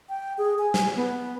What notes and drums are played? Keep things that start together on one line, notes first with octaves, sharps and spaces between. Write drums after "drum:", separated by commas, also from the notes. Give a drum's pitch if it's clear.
G5
G#4
G#5
drum: snare
B3